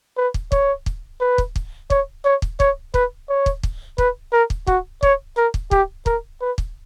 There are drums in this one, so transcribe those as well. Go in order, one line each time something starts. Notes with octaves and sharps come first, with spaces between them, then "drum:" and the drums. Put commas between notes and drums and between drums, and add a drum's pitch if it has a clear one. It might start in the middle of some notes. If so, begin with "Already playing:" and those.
B4
drum: kick
C#5, drum: kick
drum: kick
B4
drum: kick
drum: kick
C#5, drum: kick
C#5
drum: kick
C#5, drum: kick
B4, drum: kick
C#5
drum: kick
drum: kick
B4, drum: kick
A#4
drum: kick
F#4, drum: kick
C#5, drum: kick
A#4
drum: kick
G4, drum: kick
A#4, drum: kick
B4
drum: kick